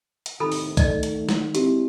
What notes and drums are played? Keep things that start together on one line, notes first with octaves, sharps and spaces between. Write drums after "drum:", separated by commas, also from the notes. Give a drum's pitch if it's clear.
drum: hi-hat
D#2 A2 C3 D#3 A4 B5
drum: open hi-hat
A3 D5 D#5, drum: kick C2, hi-hat
drum: hi-hat
drum: snare
G#3 C4 D4 E4 G4, drum: hi-hat